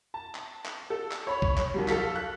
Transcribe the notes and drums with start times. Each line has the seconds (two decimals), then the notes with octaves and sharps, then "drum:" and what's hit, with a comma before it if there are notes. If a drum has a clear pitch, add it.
0.14 A5
0.35 drum: clap
0.66 drum: clap
0.90 A4
1.12 drum: clap
1.27 C#5 B5
1.42 drum: kick B1
1.58 drum: clap
1.74 D#2 F#3 G3
1.88 A4 F5 B6, drum: clap
2.16 F#6